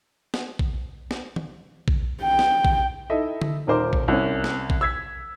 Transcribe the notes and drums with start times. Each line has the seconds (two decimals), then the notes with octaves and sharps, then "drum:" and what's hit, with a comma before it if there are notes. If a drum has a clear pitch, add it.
0.34 drum: snare
0.59 drum: kick A#1
1.11 drum: snare
1.36 drum: tom
1.88 drum: kick A#1
2.22 G5
2.39 drum: snare
2.65 drum: kick A#1
3.10 D#4 E4 A4 D#5 E5
3.42 drum: tom D3
3.67 D#1 D#4 A#4 C5 D6
3.93 drum: kick A#1
4.08 C2 C#4
4.44 drum: snare
4.70 drum: kick A#1
4.81 E6 G#6 B6